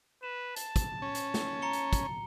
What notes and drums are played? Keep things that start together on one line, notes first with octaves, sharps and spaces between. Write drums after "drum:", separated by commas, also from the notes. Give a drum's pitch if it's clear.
B4 E7
A5, drum: hi-hat
drum: kick, hi-hat
C#4
drum: hi-hat
drum: snare
A#5 C#7 G7
drum: hi-hat
drum: kick, hi-hat